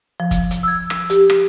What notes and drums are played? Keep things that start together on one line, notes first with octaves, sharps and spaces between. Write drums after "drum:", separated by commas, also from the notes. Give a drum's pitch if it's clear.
F3
drum: kick, hi-hat
drum: hi-hat
E6 G#6
drum: rim click
G4, drum: hi-hat
drum: rim click